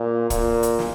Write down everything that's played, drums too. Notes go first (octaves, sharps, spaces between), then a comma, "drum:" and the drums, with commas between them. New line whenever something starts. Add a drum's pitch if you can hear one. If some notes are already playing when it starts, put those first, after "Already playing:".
Already playing: A#2
A#2, drum: kick, hi-hat
drum: hi-hat
drum: snare